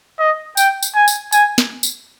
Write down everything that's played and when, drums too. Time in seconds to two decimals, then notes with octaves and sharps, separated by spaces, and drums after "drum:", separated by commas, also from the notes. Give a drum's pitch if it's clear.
0.19 D#5
0.57 G5, drum: tambourine
0.83 drum: tambourine
0.95 G#5
1.08 drum: tambourine
1.32 G#5, drum: tambourine
1.58 drum: snare
1.83 drum: tambourine